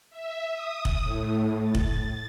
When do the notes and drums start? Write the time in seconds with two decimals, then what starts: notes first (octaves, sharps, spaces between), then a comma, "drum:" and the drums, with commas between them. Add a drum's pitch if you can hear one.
0.10 E5
0.52 D#6
0.85 drum: kick
1.03 A2
1.62 A6
1.75 drum: kick